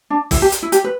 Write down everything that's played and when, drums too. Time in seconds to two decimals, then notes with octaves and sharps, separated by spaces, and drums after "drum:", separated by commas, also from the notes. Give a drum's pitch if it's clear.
0.10 D4
0.31 E4, drum: kick, open hi-hat
0.42 G4
0.52 drum: hi-hat
0.62 E4
0.72 G4, drum: hi-hat
0.84 B4